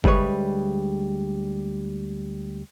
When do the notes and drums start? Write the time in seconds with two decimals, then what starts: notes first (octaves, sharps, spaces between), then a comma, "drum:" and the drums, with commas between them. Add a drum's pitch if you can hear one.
0.04 D2 G3 G#3 B4 C#5, drum: kick G1